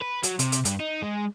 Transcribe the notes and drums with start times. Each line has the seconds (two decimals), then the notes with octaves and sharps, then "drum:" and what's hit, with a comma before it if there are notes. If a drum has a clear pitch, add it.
0.01 B4
0.23 F#3, drum: hi-hat
0.39 C3, drum: hi-hat
0.52 drum: hi-hat
0.65 G2, drum: hi-hat
0.80 D#4
1.03 G#3